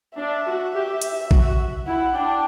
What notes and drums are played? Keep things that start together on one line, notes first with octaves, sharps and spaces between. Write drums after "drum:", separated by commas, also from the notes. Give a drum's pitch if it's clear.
D4 E5
F#4
G4
drum: hi-hat
F#4, drum: kick A#1
E4 F#5
D4 G5